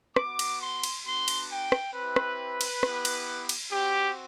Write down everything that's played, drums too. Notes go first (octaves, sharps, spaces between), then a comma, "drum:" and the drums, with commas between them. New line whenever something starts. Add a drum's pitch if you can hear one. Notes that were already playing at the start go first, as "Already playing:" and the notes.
B3 F#4 D6, drum: rim click
drum: cymbal
C6
drum: cymbal
B3 D4 F#4 C6
drum: cymbal
G5
drum: rim click
C4 E4 G4 B4
drum: rim click
drum: cymbal
B3 E4 G4, drum: rim click
drum: cymbal
drum: cymbal
C4 F#4 G4